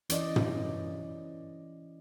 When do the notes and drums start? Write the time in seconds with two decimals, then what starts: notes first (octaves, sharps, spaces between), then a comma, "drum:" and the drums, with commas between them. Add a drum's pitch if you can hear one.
0.10 E3 C#4 D5 D#5, drum: hi-hat
0.36 drum: tom